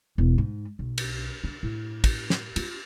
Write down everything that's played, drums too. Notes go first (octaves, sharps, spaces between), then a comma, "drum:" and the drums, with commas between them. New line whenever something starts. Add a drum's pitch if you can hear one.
E1
G#2
B1
drum: cymbal
D4
A2
drum: kick, cymbal
drum: snare
F4, drum: cymbal